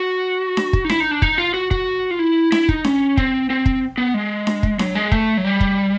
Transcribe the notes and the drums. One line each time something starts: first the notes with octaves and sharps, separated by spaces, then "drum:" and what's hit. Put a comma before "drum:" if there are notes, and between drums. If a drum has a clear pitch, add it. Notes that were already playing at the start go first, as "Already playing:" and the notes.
Already playing: F#4
drum: snare D4
drum: kick
D#4
E4, drum: snare D4
D#4
D4
D#4, drum: kick
F4
F#4
F#4, drum: kick
F4
E4
E4, drum: snare D4
D#4, drum: kick
C#4, drum: snare D4
C4, drum: kick
C4
drum: kick
B3
G#3
drum: snare D4
drum: kick
F#3, drum: snare D4
G#3
A3, drum: kick
F#3
G3
drum: kick